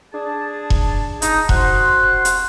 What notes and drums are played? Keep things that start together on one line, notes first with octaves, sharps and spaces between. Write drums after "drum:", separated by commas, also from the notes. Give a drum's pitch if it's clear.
D4 G#4 A5
drum: kick E1
D#4, drum: hi-hat
F#4 C5 F#5 C6, drum: kick E1
drum: hi-hat